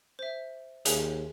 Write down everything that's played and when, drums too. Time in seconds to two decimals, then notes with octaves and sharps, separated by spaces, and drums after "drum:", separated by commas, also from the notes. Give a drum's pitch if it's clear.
0.19 C5 E5
0.85 D#2 G#4, drum: hi-hat